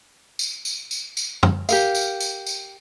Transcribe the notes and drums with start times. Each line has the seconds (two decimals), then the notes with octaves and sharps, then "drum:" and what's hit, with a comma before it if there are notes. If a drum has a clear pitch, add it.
0.39 drum: tambourine
0.65 drum: tambourine
0.91 drum: tambourine
1.17 drum: tambourine
1.43 drum: tom
1.69 G4 A#4 F5, drum: tambourine
1.95 drum: tambourine
2.20 drum: tambourine
2.46 drum: tambourine